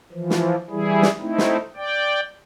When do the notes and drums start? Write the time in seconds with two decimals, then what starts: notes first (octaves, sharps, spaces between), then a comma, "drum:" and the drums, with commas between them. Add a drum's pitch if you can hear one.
0.12 E3 F3
0.30 drum: snare
0.70 E3 G3 E4 G#4
1.02 drum: snare
1.20 A3 C4 D#4 E4
1.38 drum: snare
1.76 D5 G5